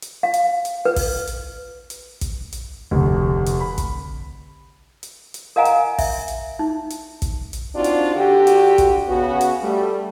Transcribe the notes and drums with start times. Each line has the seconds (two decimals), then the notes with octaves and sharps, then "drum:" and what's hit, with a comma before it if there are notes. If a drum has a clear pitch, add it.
0.03 drum: hi-hat
0.23 F5
0.34 drum: hi-hat
0.65 drum: hi-hat
0.85 B4
0.96 drum: kick, open hi-hat
1.28 drum: hi-hat
1.90 drum: hi-hat
2.21 drum: kick, hi-hat
2.53 drum: hi-hat
2.91 F1 D2
3.47 drum: hi-hat
3.61 B5
3.78 drum: kick, hi-hat
5.03 drum: hi-hat
5.34 drum: hi-hat
5.56 A#4 D#5 F5 F#5 G#5 A#5
5.66 drum: hi-hat
5.98 E5, drum: kick, open hi-hat
6.28 drum: hi-hat
6.59 D#4
6.91 drum: hi-hat
7.22 drum: kick, hi-hat
7.53 drum: hi-hat
7.75 C4 D4 D#4 F4 F#4 D5
7.84 drum: hi-hat
8.16 D3 F#4 G4
8.47 drum: hi-hat
8.78 drum: kick, hi-hat
9.08 C#3 B3 C#4 F#4
9.41 drum: hi-hat
9.63 G3 A3